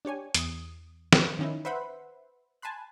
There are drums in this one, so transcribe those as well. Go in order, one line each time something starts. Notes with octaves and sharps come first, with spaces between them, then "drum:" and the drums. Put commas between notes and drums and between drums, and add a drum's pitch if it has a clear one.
D4 G4 C#5 G#5
E2 D#6, drum: hi-hat
drum: snare
D#3 F3 C#4 D#4 E4
B4 C5 E5 F#5 B5 C6
G#5 A5 B5 C6 F#6